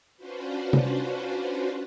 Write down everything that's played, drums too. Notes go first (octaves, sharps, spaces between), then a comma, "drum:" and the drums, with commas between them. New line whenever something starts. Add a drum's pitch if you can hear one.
C#4 D4 F4 F#4 B4 C5
drum: tom C3